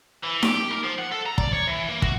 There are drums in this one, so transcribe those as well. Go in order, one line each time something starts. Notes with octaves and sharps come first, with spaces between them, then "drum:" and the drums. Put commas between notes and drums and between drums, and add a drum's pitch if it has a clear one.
E3
G4, drum: snare D#4
A#4
F3
F#5
A4
A#5
D5, drum: kick
C#5
E3
A#3
F#4, drum: kick